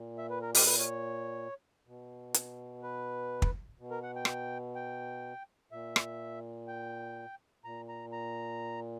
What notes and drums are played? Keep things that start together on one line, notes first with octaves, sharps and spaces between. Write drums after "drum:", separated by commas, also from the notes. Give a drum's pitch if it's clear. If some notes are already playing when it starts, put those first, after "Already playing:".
Already playing: A#2
E5
B4
A#4
G4, drum: open hi-hat
B4
C#5
B2
drum: hi-hat
B4
drum: kick
B2
A#4
F#5
G5
drum: rim click
G5
A#2 E5
drum: rim click
G5
A#2 A#5
A#5
A#5